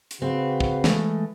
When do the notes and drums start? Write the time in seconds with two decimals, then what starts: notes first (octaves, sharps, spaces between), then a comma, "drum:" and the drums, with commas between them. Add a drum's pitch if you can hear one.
0.11 drum: hi-hat
0.22 C#3 C4 F#4 B4
0.60 drum: kick
0.84 E3 G#3 A3, drum: snare